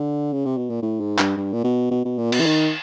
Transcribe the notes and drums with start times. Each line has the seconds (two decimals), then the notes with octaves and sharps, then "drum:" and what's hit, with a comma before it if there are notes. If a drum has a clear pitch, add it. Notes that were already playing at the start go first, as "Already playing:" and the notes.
Already playing: D3
0.33 C#3
0.46 C3
0.57 B2
0.70 A#2
0.82 A2
1.00 G#2
1.18 G2, drum: clap
1.37 G2
1.53 A#2
1.64 B2
1.91 B2
2.05 B2
2.18 A#2
2.32 B2, drum: cymbal
2.40 E3
2.46 D#3